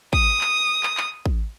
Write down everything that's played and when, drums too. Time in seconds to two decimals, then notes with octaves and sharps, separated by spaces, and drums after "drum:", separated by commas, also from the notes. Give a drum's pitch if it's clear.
0.13 D#6, drum: kick
0.41 drum: clap
0.83 drum: clap
0.97 drum: clap
1.26 drum: kick